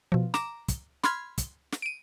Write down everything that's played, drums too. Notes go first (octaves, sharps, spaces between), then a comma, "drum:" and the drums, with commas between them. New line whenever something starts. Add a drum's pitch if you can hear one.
B2 F3
A#5 D6 E7, drum: snare
drum: kick, hi-hat
B5 C6 F6 G#6, drum: snare
drum: kick, hi-hat
drum: snare
D7 D#7